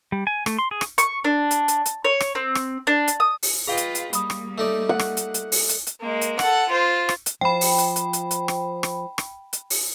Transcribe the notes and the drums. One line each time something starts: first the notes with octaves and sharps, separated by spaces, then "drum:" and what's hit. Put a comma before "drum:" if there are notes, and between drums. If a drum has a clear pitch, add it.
G3
G#5
A3, drum: rim click
C6
G#4
drum: rim click
C#6, drum: hi-hat
D4
drum: hi-hat
drum: hi-hat
drum: hi-hat
C#5
drum: rim click
C4
drum: rim click
D4
drum: hi-hat
D#6
drum: open hi-hat
F4 G#4 B4 D#5 F5 G5 A#5
drum: hi-hat
drum: hi-hat
G3 A#3 B5 D#6, drum: hi-hat
drum: rim click
A3 D#4 D5
F#5
drum: rim click
drum: hi-hat
drum: hi-hat
drum: open hi-hat
drum: hi-hat
drum: hi-hat
G#3 A#3
drum: hi-hat
A4 F#5, drum: rim click
F4 C5
drum: rim click
drum: hi-hat
F3 F4 G5 B5
drum: open hi-hat
drum: hi-hat
drum: hi-hat
drum: hi-hat
drum: hi-hat
drum: rim click
drum: rim click
drum: rim click
drum: hi-hat
drum: open hi-hat